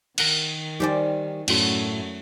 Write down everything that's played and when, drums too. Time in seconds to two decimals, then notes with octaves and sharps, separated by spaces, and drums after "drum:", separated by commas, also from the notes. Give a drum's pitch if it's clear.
0.18 D#3 A#4 F#5, drum: cymbal
0.80 G3 D#4 G4 C5 D5 G#5
1.48 F#2 A2 A3 C#4 F#4, drum: cymbal